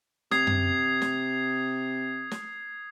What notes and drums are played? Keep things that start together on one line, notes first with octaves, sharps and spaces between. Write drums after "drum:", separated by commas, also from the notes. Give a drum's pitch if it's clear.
C3 D#6 G#6 C7, drum: snare
drum: tom F#2
drum: snare
drum: snare